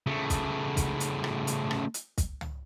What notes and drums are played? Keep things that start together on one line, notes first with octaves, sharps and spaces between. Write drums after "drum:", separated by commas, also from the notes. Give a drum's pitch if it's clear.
C#3 A3
drum: kick, hi-hat
drum: kick, hi-hat
drum: hi-hat
drum: rim click
drum: hi-hat
drum: rim click
drum: hi-hat
drum: kick, hi-hat
drum: tom